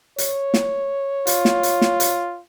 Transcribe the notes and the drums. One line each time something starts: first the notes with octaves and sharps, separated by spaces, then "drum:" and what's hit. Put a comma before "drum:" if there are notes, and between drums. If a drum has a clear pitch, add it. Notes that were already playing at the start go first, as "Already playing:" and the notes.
C#5, drum: hi-hat
drum: snare
F4, drum: hi-hat
drum: snare
drum: hi-hat
drum: snare
drum: hi-hat